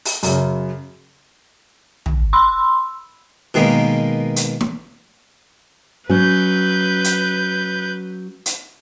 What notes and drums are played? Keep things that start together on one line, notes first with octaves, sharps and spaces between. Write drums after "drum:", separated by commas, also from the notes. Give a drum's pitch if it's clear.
drum: open hi-hat
F#2 C#3, drum: open hi-hat
drum: tom
B5 C6 E6
B2 D#3 G#3 A#3 B3
drum: hi-hat
drum: snare
F#3 C#4 B4 G6
drum: hi-hat
drum: hi-hat